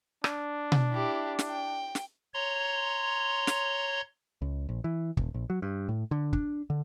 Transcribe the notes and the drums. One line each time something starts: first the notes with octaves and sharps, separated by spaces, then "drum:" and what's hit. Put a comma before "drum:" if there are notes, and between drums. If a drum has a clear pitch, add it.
D4, drum: rim click
drum: tom B2
E4 G4
drum: snare
G5
drum: snare
C#5 A#5 C6
drum: snare
C#2
A#1
E3
E1, drum: kick
A#1
F#3
G2
A2
D3
D4, drum: kick
D3